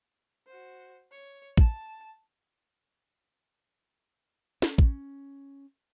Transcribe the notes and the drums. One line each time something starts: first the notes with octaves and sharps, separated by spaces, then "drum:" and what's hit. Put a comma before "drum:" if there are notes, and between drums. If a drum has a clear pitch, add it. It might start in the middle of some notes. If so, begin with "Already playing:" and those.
F#4 C5
C#5
A5, drum: kick A1
C#4, drum: snare
drum: kick A1